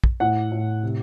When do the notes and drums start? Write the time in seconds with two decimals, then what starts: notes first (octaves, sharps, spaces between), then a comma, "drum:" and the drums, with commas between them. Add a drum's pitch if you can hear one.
0.04 drum: kick
0.20 A2 F#5
0.52 A2
0.83 C3